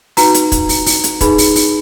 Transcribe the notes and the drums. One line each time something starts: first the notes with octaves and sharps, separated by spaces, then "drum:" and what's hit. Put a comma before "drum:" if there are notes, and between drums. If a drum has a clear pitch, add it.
D#4 F#4 B4 A#5, drum: open hi-hat
drum: hi-hat
drum: kick, hi-hat
drum: open hi-hat
drum: open hi-hat
drum: hi-hat
D#4 G#4 B4 B5, drum: kick, hi-hat
drum: open hi-hat
drum: open hi-hat